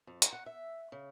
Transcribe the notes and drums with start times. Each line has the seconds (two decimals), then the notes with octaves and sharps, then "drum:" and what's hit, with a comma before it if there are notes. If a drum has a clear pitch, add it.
0.07 F2
0.22 drum: hi-hat
0.33 F#5
0.46 E5
0.92 C#3